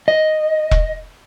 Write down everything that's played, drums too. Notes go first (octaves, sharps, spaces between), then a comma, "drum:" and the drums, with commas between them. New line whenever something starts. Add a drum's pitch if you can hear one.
D#5
drum: kick E1